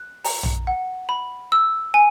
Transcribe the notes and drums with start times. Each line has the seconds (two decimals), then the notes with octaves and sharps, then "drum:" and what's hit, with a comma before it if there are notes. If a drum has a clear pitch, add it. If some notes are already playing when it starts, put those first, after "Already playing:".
Already playing: F#6
0.25 A#5, drum: open hi-hat
0.43 drum: tom A#1
0.67 F#5
1.09 B5
1.52 E6
1.94 G#5